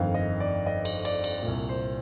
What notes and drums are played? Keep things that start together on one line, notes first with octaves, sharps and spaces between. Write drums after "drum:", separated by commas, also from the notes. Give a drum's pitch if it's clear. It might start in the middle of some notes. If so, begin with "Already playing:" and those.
Already playing: G1 F2 D#3 F5
D#5
D5
D#5
drum: cymbal
D5, drum: cymbal
drum: cymbal
A#2
C2
C5